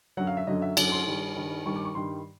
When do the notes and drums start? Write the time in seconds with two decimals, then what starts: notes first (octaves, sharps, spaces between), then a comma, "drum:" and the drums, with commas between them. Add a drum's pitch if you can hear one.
0.17 F#2 D3 F#3 F#5
0.27 F5
0.37 E5
0.47 F#2 D3 F#3 D#5
0.62 E5
0.77 F#2 D3 F#3, drum: cymbal
0.92 C6
1.07 G2 D#3 G3
1.37 G2 D#3 G3
1.65 G2 D#3 G3 C#6
1.76 D6
1.85 C#6
1.95 G2 D#3 G3 C6